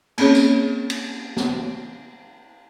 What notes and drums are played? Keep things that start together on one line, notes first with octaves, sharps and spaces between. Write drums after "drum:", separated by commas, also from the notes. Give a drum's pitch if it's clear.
A#3 C4 C#4 G#4 C#5, drum: cymbal
drum: tambourine
drum: cymbal
drum: snare